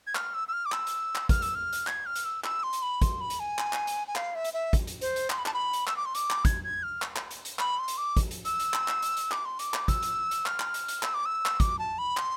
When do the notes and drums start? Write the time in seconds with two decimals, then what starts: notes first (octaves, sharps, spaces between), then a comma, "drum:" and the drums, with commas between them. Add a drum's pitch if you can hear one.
0.07 G#6
0.15 F6, drum: clap
0.34 E6
0.48 E6
0.53 F6
0.66 D6
0.72 E6, drum: clap
0.87 drum: hi-hat
1.15 drum: clap
1.29 F6, drum: kick, hi-hat
1.42 E6, drum: hi-hat
1.55 F6
1.73 drum: hi-hat
1.87 G#6, drum: clap
2.06 F6
2.16 drum: hi-hat
2.25 E6
2.44 E6, drum: clap
2.63 C6
2.73 drum: hi-hat
2.82 B5
3.02 C6, drum: kick, hi-hat
3.20 B5
3.30 drum: hi-hat
3.40 G#5
3.59 drum: clap
3.73 drum: clap
3.87 drum: hi-hat
4.08 G#5
4.16 F5, drum: clap
4.35 E5
4.44 drum: hi-hat
4.54 E5
4.73 drum: kick, hi-hat
4.87 drum: hi-hat
5.01 C5, drum: hi-hat
5.16 drum: hi-hat
5.30 C6, drum: clap
5.38 B5
5.46 A5, drum: clap
5.54 B5
5.73 drum: hi-hat
5.87 E6, drum: clap
5.97 D6
6.05 C6
6.15 D6, drum: hi-hat
6.31 drum: clap
6.45 G#6, drum: kick, hi-hat
6.64 G#6
6.83 F6
7.02 drum: clap
7.16 drum: clap
7.31 drum: hi-hat
7.45 drum: hi-hat
7.59 B5, drum: clap
7.79 C6
7.88 drum: hi-hat
7.97 D6
8.17 drum: kick, hi-hat
8.31 drum: hi-hat
8.45 E6, drum: hi-hat
8.59 drum: hi-hat
8.74 drum: clap
8.88 drum: clap
9.02 drum: hi-hat
9.17 drum: hi-hat
9.31 D6, drum: clap
9.45 C6
9.59 D6, drum: hi-hat
9.74 drum: clap
9.88 E6, drum: kick, hi-hat
10.03 drum: hi-hat
10.31 drum: hi-hat
10.46 F6, drum: clap
10.60 drum: clap
10.74 drum: hi-hat
10.88 drum: hi-hat
11.03 E6, drum: clap
11.14 D6
11.25 E6
11.46 drum: clap
11.60 D6, drum: kick, hi-hat
11.79 A5
11.98 B5
12.17 C6, drum: clap